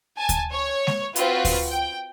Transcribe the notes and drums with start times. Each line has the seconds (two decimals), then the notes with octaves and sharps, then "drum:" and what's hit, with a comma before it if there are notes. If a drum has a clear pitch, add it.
0.18 G#5 A5
0.29 drum: kick D2, hi-hat
0.52 C#5
0.87 drum: snare G#3
1.16 C4 F4 F#4 B4, drum: hi-hat
1.45 drum: kick D2, open hi-hat
1.70 G5